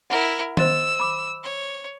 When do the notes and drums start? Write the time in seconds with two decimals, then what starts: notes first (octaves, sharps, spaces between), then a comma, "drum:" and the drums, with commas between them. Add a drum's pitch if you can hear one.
0.10 E4 A#4 F#5
0.57 C5 D#5 C6 E6, drum: tom D#3
1.00 B5 D6
1.44 C#5